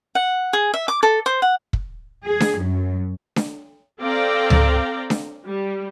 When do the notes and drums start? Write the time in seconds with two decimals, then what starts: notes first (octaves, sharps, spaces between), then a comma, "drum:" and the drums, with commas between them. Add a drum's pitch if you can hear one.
0.15 F#5
0.53 G#4
0.74 E5
0.88 D6
1.03 A4
1.26 C5
1.42 F#5
1.73 drum: kick
2.27 G#4
2.40 drum: snare D4
2.62 F#2
3.36 drum: snare D4
4.00 C4 A4 D5 F5 G5 A#5
4.50 drum: tom C#2
5.10 drum: snare D4
5.45 G3